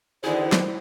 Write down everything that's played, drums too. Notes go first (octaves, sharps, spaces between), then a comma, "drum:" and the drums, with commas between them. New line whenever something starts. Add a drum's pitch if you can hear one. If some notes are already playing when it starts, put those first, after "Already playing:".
E2 D3 D#3 E4 F#4 G#4 C5
drum: snare